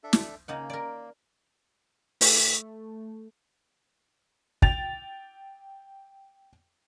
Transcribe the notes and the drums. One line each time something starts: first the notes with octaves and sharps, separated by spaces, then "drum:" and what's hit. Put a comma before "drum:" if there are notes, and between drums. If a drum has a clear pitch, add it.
D4 A4 E5
drum: snare
C#3 A#3 D#4 F#5
A#4 D5
A3, drum: open hi-hat
G5 A6 F7, drum: kick